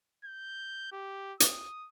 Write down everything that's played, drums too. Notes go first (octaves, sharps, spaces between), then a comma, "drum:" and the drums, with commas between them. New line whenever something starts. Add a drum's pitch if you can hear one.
G6
G4
D#6, drum: hi-hat